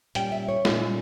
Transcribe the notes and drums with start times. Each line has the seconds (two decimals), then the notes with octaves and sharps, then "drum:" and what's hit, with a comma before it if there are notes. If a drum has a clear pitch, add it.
0.15 A#2 G3 C#4 G5, drum: hi-hat
0.32 E5
0.49 C#5
0.65 A#2 G3 C#4 F4, drum: snare